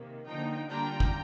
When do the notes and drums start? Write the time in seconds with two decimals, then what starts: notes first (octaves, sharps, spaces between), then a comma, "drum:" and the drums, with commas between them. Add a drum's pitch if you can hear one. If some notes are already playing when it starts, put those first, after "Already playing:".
Already playing: C3 D#3 A#3
0.27 D3 F3 A#3 D#4 G5 A#5
0.69 D3 G3 A#3 D4 F4 G5 A#5
1.00 drum: kick